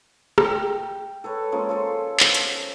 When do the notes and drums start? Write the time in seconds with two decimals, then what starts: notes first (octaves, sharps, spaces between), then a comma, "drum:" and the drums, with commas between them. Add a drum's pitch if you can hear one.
0.38 G5, drum: rim click
1.24 A4 B4 C#5
1.52 F3 G#3 A#3 C#4
1.69 F4 A4 C#5
2.20 drum: clap
2.34 drum: hi-hat